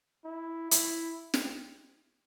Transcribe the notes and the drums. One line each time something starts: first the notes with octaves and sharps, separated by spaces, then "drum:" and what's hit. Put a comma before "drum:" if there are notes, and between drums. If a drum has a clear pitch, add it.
E4
E4, drum: hi-hat
drum: snare